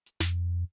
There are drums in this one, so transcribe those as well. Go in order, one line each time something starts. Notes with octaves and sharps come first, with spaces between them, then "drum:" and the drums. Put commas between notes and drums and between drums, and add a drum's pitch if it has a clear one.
drum: hi-hat
F2, drum: snare